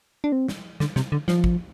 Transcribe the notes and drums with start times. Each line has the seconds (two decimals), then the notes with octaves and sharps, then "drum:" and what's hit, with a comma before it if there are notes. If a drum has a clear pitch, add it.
0.24 D4
0.32 C4
0.48 drum: snare
0.80 D3, drum: snare
0.96 C3, drum: snare
1.12 D3
1.28 F3, drum: snare
1.44 drum: kick